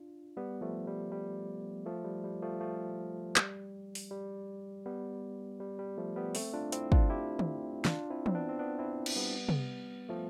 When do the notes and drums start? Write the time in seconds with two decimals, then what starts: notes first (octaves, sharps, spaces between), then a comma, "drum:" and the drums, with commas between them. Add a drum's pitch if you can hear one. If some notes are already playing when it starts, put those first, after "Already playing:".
Already playing: D4 F4
0.37 G3 B3
0.61 F3 A3
0.87 G3
1.12 G3
1.86 F3 A3
2.04 G3
2.24 G3
2.42 F3 A3
2.61 F3 A3
3.36 G3, drum: clap
3.95 drum: open hi-hat
4.11 G3
4.86 G3 B3
5.60 G3
5.79 G3
5.97 F3 A3
6.16 G3 B3
6.35 A3 C4, drum: open hi-hat
6.54 D4 F4
6.72 C4 E4, drum: hi-hat
6.92 D4 F4, drum: kick
7.10 E4 G4
7.39 drum: tom
7.85 D4 F4, drum: snare
8.10 C4 E4
8.26 C4, drum: tom E3
8.35 B3 D4
8.49 C4
8.59 B3 D4
8.79 C4 E4
9.06 drum: cymbal
9.16 G3 B3
9.49 drum: tom C3
10.09 F3 A3